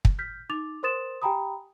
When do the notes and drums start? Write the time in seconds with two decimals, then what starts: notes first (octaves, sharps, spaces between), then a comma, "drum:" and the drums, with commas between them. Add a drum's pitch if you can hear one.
0.05 drum: kick
0.19 F6 G6 B6
0.49 D#4 D6 A6 F7
0.83 A#4 C5 C6 D#6 A6 E7
1.22 G4 G5 G#5 A#5 B5 D#6